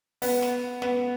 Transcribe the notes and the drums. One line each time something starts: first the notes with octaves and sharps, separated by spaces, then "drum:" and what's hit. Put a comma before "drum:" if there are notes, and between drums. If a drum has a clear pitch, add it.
B3, drum: open hi-hat
drum: snare
B3, drum: snare